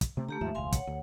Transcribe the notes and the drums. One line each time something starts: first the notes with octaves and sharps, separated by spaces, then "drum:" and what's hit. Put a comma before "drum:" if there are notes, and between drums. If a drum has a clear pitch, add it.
drum: kick, hi-hat
C3 A3 C4
D3 A3 G4 A#5
D#2 G#2 F3 E5
E1 C#2 F5 G#5 C6
C#5 F#5, drum: kick, hi-hat
D2